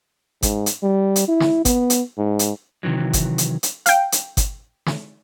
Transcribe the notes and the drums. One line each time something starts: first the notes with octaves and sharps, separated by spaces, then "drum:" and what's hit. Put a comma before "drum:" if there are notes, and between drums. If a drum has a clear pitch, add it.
G#2, drum: kick G1, hi-hat
drum: hi-hat
G3
drum: hi-hat
E4
drum: snare
B3, drum: kick G1, hi-hat
drum: hi-hat
G#2
drum: hi-hat
C3 D#3 E3 F#3
drum: kick G1, hi-hat
drum: hi-hat
drum: hi-hat
F5 G5, drum: hi-hat
drum: hi-hat
drum: kick G1, hi-hat
drum: snare